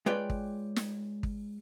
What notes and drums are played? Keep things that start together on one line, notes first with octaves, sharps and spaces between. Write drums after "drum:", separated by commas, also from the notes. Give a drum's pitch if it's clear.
G#3 F4 B4 C#5 D5 G5
drum: kick
drum: snare
drum: kick